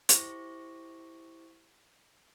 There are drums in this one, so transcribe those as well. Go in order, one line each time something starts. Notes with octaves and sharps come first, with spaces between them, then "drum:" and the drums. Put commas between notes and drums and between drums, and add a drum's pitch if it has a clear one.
E4 G4 C5 C#6 D6 A#6, drum: hi-hat